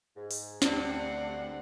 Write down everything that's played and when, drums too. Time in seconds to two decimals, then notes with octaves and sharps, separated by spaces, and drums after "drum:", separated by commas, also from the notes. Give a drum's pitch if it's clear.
0.16 G#2
0.31 drum: open hi-hat
0.62 D2 G2 C4 D5 F#5, drum: snare